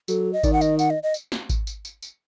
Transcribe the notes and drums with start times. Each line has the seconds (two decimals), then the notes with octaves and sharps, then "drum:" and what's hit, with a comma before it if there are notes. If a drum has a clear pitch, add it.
0.08 F#3 A4, drum: tambourine
0.33 D#5
0.43 D#3 D5, drum: kick G#1, tambourine
0.53 F#5
0.61 D#5, drum: tambourine
0.79 F#5, drum: tambourine
0.90 D#5
1.03 D#5
1.14 drum: tambourine
1.32 drum: snare
1.49 drum: kick G#1, tambourine
1.67 drum: tambourine
1.85 drum: tambourine
2.02 drum: tambourine